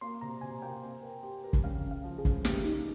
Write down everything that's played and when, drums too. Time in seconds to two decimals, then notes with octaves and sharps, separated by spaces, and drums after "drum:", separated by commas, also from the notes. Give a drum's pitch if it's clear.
0.01 A#3 C6
0.21 C3 A#5
0.41 C3 G#5
0.62 A#3 G5
0.82 C4
1.03 A#4
1.23 G4
1.44 A#4
1.53 drum: kick F#1
1.64 C#3 F5
1.84 C#3
1.91 F5
2.04 F3
2.18 G#4
2.25 C#3, drum: kick F#1
2.45 A#3 G4, drum: snare
2.65 A#3 D#4